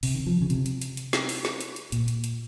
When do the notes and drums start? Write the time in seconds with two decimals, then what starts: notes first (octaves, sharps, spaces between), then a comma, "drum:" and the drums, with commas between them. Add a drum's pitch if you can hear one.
0.03 C3, drum: open hi-hat
0.14 D#3
0.27 F3
0.41 C#3
0.50 C3, drum: hi-hat
0.66 drum: hi-hat
0.82 drum: hi-hat
0.97 drum: hi-hat
1.13 drum: snare
1.29 drum: open hi-hat
1.45 drum: snare
1.61 drum: hi-hat
1.76 drum: hi-hat
1.92 A#2, drum: hi-hat
2.08 drum: hi-hat
2.24 drum: hi-hat